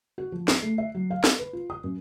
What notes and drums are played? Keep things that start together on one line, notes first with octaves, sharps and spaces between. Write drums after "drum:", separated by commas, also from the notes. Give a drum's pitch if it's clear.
F#4
F3
C7, drum: snare
A3
E5
F#3
F5
A4, drum: snare
B4
F4
D#6
F#2